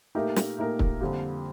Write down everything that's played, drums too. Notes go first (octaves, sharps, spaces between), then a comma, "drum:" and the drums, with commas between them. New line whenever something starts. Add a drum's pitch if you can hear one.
A#2 A3 D#4 G4 A#4
drum: snare
A#2 A3 D#4 G4 A#4
drum: kick
F2 D3 G3 A#3